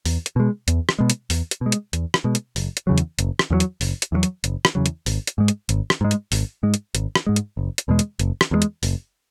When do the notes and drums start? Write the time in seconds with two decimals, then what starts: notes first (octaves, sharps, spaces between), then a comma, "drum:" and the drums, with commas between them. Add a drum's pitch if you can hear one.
0.06 E2, drum: open hi-hat
0.26 drum: hi-hat
0.36 B2 G#3
0.68 E2, drum: hi-hat
0.89 drum: rim click
0.99 B2 G#3
1.10 drum: hi-hat
1.30 E2, drum: open hi-hat
1.51 drum: hi-hat
1.61 B2 G#3
1.72 drum: hi-hat
1.93 E2, drum: hi-hat
2.14 drum: rim click
2.24 B2 G#3
2.35 drum: hi-hat
2.56 F#1, drum: open hi-hat
2.77 drum: hi-hat
2.87 E2 C#3 F#3
2.98 drum: hi-hat
3.19 F#1, drum: hi-hat
3.39 drum: rim click
3.50 E2 C#3 F#3
3.60 drum: hi-hat
3.81 F#1, drum: open hi-hat
4.02 drum: hi-hat
4.12 E2 C#3 F#3
4.23 drum: hi-hat
4.44 F#1, drum: hi-hat
4.65 drum: rim click
4.75 E2 C#3 F#3
4.86 drum: hi-hat
5.06 G#1, drum: open hi-hat
5.27 drum: hi-hat
5.38 G#2 G#3
5.48 drum: hi-hat
5.69 G#1, drum: hi-hat
5.90 drum: rim click
6.01 G#2 G#3
6.11 drum: hi-hat
6.32 G#1, drum: open hi-hat
6.63 G#2 G#3
6.74 drum: hi-hat
6.95 G#1, drum: hi-hat
7.15 drum: rim click
7.27 G#2 G#3
7.36 drum: hi-hat
7.57 F#1
7.78 drum: hi-hat
7.88 E2 B2 G#3
7.99 drum: hi-hat
8.19 F#1, drum: hi-hat
8.41 drum: rim click
8.51 E2 B2 G#3
8.62 drum: hi-hat
8.83 F#1, drum: open hi-hat